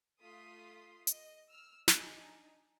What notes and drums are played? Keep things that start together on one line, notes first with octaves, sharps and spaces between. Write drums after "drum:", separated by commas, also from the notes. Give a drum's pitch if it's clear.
A3 F4 C6 D#6 B6
D#5, drum: hi-hat
E6 F6
D4 D#4 G#5, drum: snare